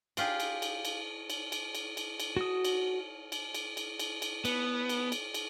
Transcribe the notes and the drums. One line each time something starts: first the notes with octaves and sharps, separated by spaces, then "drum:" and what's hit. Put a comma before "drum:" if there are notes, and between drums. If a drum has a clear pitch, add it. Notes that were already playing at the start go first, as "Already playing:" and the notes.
D4 F4 G4 G#4, drum: cymbal
drum: cymbal
drum: cymbal
drum: cymbal
drum: cymbal
drum: cymbal
drum: cymbal
drum: cymbal
drum: cymbal
F#4 D#6
drum: cymbal
drum: cymbal
drum: cymbal
drum: cymbal
drum: cymbal
drum: cymbal
B3, drum: cymbal
drum: cymbal
drum: cymbal
drum: cymbal